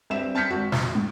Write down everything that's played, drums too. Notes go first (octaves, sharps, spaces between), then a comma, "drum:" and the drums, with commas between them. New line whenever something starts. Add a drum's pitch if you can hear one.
G2 C4 E5 E7
C4 A5 F6 G6 B6 C#7
G#1 F#4
F2 F3, drum: snare
A2